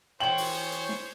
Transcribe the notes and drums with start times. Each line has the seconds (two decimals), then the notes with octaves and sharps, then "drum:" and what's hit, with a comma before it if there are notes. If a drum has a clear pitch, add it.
0.20 E3 C5 C#5 G5 F#7
0.38 drum: open hi-hat
0.72 drum: hi-hat
0.89 drum: snare